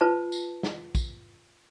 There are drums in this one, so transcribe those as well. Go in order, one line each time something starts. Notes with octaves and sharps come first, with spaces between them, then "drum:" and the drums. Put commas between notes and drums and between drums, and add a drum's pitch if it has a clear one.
F4 B4 C5 A5
drum: tambourine
drum: snare
drum: kick, tambourine